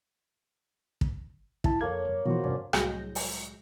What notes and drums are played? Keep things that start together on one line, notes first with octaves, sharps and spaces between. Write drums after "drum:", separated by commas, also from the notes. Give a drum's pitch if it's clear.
drum: kick
E4 A5, drum: kick
F2 A#3 A4 C#5 G#6
F#2
B2 E3 F3 F#4 C5
E2 G2 C3 C#4 D4
C2 A2 F#3 G#3 G6 A#6, drum: rim click
drum: open hi-hat